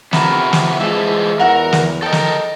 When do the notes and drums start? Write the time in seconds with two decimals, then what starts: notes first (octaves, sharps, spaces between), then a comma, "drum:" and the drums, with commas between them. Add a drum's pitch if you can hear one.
0.13 F2 C3 B3 E4 A#4, drum: snare
0.53 drum: snare
0.80 E3 F3 G#3 E4 A4 E5
1.40 E2 F#4 A#4 E5 F#5
1.72 drum: snare
2.02 A4 A#4 D#5 G5
2.12 drum: snare